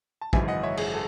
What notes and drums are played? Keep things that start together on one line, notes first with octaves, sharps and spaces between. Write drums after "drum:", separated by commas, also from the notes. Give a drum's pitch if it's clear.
A5
G#1 F#2 C#3 E3 G#3 E5 G#5, drum: kick
D#5 F#5
C#5 E5
G#4, drum: cymbal
A4